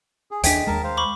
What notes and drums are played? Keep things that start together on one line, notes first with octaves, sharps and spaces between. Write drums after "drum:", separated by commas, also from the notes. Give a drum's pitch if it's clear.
G#4
D#2 G#3 D4 G5 B6, drum: hi-hat
D#2 G#3 A#4 A5
C5 F5
B5 C#6 D6